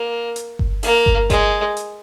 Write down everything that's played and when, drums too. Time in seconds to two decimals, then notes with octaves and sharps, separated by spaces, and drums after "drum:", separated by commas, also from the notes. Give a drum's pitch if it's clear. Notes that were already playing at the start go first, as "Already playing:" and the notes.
Already playing: A#3
0.36 drum: hi-hat
0.59 drum: kick G1
0.83 A#3, drum: open hi-hat
1.06 drum: kick G1
1.30 G#3, drum: kick G1, hi-hat
1.77 drum: hi-hat